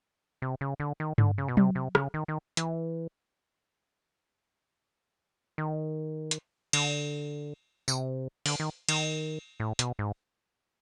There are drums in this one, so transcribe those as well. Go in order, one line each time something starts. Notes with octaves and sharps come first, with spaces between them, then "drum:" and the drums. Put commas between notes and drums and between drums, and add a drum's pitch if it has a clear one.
C3
C#3
D3
D#3
D3, drum: tom G2
C#3
B2
C3, drum: tom F#3
C3
C#3, drum: rim click
D#3
D#3
E3, drum: hi-hat
D#3
drum: hi-hat
D3, drum: cymbal
C3, drum: tambourine
D3, drum: open hi-hat
D#3
D#3, drum: cymbal
A2
B2, drum: hi-hat
G#2